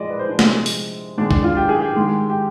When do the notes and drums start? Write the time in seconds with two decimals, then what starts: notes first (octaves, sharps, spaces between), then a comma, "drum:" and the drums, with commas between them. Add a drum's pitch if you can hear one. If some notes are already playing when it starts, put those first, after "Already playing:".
Already playing: F3 G#3 D5 D#5
0.10 B4
0.19 C5
0.29 D4
0.39 C3 F3 G#3, drum: snare
0.66 drum: open hi-hat
1.18 G#2 D#3 G#3 D4
1.31 D4, drum: kick B1
1.44 F4
1.57 G4
1.69 G#4
1.80 G4
1.96 G#2 D#3 G#3
2.30 G4